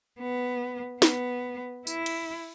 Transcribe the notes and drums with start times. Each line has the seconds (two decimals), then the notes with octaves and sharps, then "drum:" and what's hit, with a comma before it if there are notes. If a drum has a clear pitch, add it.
0.20 B3
1.02 B3, drum: snare
1.87 E4, drum: tambourine
2.06 drum: cymbal